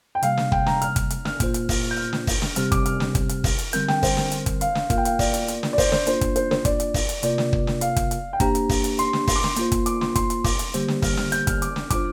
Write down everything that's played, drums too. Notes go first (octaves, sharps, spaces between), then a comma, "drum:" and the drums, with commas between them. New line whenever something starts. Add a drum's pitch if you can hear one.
G5
C3 G3 A#3 F5, drum: hi-hat
drum: snare
G5, drum: kick
A#5, drum: snare
F6, drum: hi-hat
drum: kick, hi-hat
drum: hi-hat
F6, drum: snare
A#2 A#3 F4 C5, drum: kick, hi-hat
drum: hi-hat
drum: kick, open hi-hat
G6
F6
drum: snare
drum: kick, open hi-hat
drum: snare
C3 G3 C4 G4 C5 F6, drum: hi-hat
D6, drum: kick, hi-hat
F6, drum: hi-hat
drum: snare
drum: kick, hi-hat
drum: hi-hat
drum: kick, open hi-hat
drum: hi-hat
D3 G3 C4 A#4 G6, drum: hi-hat
G5, drum: snare
C5, drum: kick, open hi-hat
drum: snare
drum: hi-hat
drum: kick, hi-hat
F5, drum: hi-hat
drum: snare
A#3 F4 A#4 F5, drum: kick, hi-hat
G5
F5, drum: hi-hat
D5, drum: kick, open hi-hat
drum: hi-hat
drum: hi-hat
drum: snare
D5
C5, drum: kick, open hi-hat
C5, drum: snare
A#3 D4 F4 C5, drum: hi-hat
drum: kick, hi-hat
C5, drum: hi-hat
C5, drum: snare
D5, drum: kick, hi-hat
drum: hi-hat
drum: kick, open hi-hat
drum: hi-hat
C3 A#3 F4 A#4 D5, drum: hi-hat
drum: snare
drum: kick
drum: snare
F5, drum: hi-hat
drum: kick, hi-hat
drum: hi-hat
G5
A#3 D4 G4 C5 A#5, drum: kick, hi-hat
drum: hi-hat
drum: kick, open hi-hat
drum: hi-hat
C6, drum: hi-hat
drum: snare
C6, drum: kick, open hi-hat
D6
C6, drum: snare
A#3 F4 C5, drum: hi-hat
drum: kick, hi-hat
D6, drum: hi-hat
C6, drum: snare
C6, drum: kick, hi-hat
drum: hi-hat
D6, drum: kick, open hi-hat
drum: hi-hat
D3 G3 A#3 G4 C5, drum: hi-hat
drum: snare
F6, drum: kick, open hi-hat
F6, drum: snare
G6, drum: hi-hat
F6, drum: kick, hi-hat
D6, drum: hi-hat
drum: snare
G3 D4 F4 C5 D6, drum: kick, hi-hat